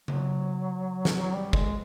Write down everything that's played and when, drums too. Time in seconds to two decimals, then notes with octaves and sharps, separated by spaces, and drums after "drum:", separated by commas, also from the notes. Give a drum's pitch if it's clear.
0.08 F#3, drum: tom C#3
1.05 drum: snare
1.22 F#3
1.33 G3
1.53 G#3, drum: kick